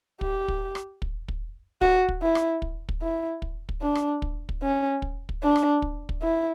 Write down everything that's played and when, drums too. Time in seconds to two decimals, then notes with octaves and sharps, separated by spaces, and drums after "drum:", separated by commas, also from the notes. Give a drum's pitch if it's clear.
0.21 G4, drum: kick
0.48 drum: kick
0.75 drum: rim click
1.02 drum: kick
1.28 drum: kick
1.81 F#4, drum: kick
2.09 drum: kick
2.22 E4
2.35 drum: rim click
2.62 drum: kick
2.89 drum: kick
3.02 E4
3.42 drum: kick
3.69 drum: kick
3.82 D4
3.95 drum: rim click
4.22 drum: kick
4.49 drum: kick
4.63 C#4
5.02 drum: kick
5.29 drum: kick
5.43 D4
5.56 drum: rim click
5.82 drum: kick
6.09 drum: kick
6.22 E4